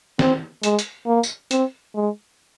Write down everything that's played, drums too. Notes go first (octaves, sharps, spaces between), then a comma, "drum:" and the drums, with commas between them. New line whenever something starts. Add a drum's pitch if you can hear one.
C4, drum: snare
G#3, drum: hi-hat
drum: hi-hat
A#3
drum: tambourine
C4, drum: hi-hat
G#3